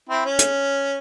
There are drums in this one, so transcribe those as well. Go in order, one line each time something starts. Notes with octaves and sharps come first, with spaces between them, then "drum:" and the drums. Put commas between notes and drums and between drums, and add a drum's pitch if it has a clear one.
C4 E4
C#4
drum: hi-hat